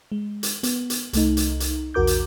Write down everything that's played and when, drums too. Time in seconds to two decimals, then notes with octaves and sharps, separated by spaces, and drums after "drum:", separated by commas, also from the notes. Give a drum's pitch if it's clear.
0.12 G#3
0.43 drum: hi-hat
0.63 B3, drum: hi-hat
0.90 drum: hi-hat
1.13 C2 A3 D#4, drum: hi-hat
1.37 drum: hi-hat
1.60 drum: hi-hat
1.94 A#1 E2 F#4 A#4 D6 G6
2.07 drum: hi-hat